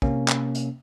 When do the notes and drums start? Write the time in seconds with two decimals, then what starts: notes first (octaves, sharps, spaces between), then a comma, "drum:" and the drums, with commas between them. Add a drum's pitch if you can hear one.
0.02 C3 A#3 C#4, drum: kick
0.28 drum: clap
0.55 drum: hi-hat